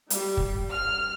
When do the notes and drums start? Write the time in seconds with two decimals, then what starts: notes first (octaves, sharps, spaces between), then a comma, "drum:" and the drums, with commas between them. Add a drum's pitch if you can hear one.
0.10 G3, drum: hi-hat
0.37 drum: kick
0.72 F6